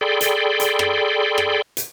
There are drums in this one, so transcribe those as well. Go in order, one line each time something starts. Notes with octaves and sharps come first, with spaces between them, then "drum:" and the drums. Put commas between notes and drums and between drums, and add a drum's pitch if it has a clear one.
G#4 A4 D5 G5 B5 C6
drum: hi-hat
drum: hi-hat
drum: rim click
drum: rim click
drum: hi-hat